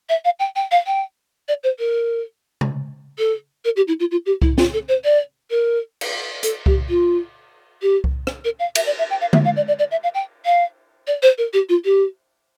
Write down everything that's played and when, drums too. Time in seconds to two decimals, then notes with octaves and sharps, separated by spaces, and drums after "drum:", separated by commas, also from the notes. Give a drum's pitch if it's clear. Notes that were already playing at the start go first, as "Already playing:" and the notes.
0.09 E5
0.25 F5
0.39 G5
0.56 G5
0.71 F5
0.86 G5
1.48 D5
1.63 C5
1.79 A#4
2.61 drum: tom C3
3.18 A4
3.65 A#4
3.76 G4
3.88 E4
4.00 F4
4.11 F4
4.26 G4
4.42 E4, drum: kick C2
4.58 F4, drum: snare
4.73 A4
4.88 C5
5.04 D5
5.50 A#4
6.01 drum: cymbal
6.43 A4, drum: hi-hat
6.66 G4, drum: kick C2
6.89 F4
7.82 G4
8.04 drum: kick C2
8.27 drum: rim click
8.44 A#4
8.59 F5
8.75 E5, drum: cymbal
8.86 D5
8.98 E5
9.10 G5
9.21 F5
9.33 E5, drum: tom D3
9.45 F5
9.56 D5
9.68 D5
9.79 D5
9.91 E5
10.03 F5
10.14 G5
10.45 F5
11.07 D5
11.22 C5
11.38 A#4
11.53 G4
11.69 F4
11.85 G4